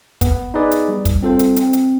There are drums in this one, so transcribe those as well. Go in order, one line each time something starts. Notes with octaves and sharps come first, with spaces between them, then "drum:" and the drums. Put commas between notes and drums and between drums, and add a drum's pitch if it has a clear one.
B3, drum: kick, hi-hat
D#4 G#4 B4 D5
drum: hi-hat
G3
drum: kick, hi-hat
C4 F4 A4 C5
drum: hi-hat
C4, drum: hi-hat
drum: hi-hat